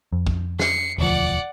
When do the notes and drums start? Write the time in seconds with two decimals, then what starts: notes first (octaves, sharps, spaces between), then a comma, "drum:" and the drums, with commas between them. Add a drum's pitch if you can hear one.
0.12 F2
0.27 drum: kick
0.59 C7 C#7, drum: snare
0.98 E1 D2 F3 D5 F#5